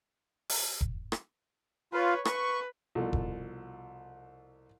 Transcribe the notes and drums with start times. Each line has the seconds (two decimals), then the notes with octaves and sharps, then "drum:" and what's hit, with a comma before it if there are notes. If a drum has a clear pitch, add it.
0.49 drum: open hi-hat
0.81 drum: kick E1
1.12 drum: rim click
1.93 F4 B4 C#5 F5
2.25 B4 C#6, drum: rim click
2.95 C2 B2 F3 A4
3.13 drum: kick E1